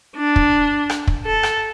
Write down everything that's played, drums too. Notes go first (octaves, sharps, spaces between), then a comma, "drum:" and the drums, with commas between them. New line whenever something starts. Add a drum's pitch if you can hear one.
D4
drum: kick
drum: rim click
drum: kick
A4
drum: rim click